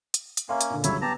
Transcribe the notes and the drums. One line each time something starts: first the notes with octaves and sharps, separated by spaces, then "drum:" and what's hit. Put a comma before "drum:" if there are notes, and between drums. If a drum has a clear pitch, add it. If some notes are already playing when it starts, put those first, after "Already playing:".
drum: hi-hat
drum: hi-hat
A#3 C#4 E5 F5 C6
drum: hi-hat
A#2 D3
G1 C#2 F#3 E4 C#5 E5, drum: hi-hat
B3 G4 A5 A#5